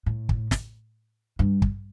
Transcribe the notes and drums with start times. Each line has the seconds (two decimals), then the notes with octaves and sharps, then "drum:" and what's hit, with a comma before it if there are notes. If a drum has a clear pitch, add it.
0.06 A2
0.29 drum: kick
0.51 drum: snare
1.39 G2
1.62 drum: kick